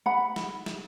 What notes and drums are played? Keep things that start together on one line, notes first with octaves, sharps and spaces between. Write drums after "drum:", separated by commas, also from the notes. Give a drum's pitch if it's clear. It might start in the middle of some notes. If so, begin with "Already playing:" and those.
F#5 B5
drum: snare
drum: snare